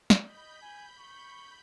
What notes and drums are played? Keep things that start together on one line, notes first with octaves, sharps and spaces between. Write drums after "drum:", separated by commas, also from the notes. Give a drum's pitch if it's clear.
drum: snare
D#5 B5 G6
G#5
C#6